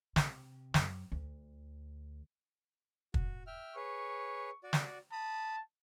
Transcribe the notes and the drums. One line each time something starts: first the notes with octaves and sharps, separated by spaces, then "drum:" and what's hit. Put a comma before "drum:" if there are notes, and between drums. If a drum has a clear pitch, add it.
C3, drum: snare
F#2, drum: snare
D2
F#4, drum: kick
E5 G5 F6
G#4 B4 C#5 C#6
F#4 D5
drum: snare
A5 B5 D#6